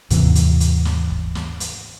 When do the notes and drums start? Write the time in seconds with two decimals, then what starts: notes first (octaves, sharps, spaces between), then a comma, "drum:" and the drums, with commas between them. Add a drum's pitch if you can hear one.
0.10 D#2 G#2 C3 E3, drum: hi-hat
0.35 drum: hi-hat
0.60 drum: hi-hat
0.85 drum: snare
1.10 drum: kick
1.35 drum: snare
1.60 drum: hi-hat